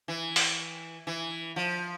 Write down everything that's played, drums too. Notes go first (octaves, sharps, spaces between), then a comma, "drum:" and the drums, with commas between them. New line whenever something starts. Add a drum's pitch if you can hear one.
E3
drum: open hi-hat
E3
F3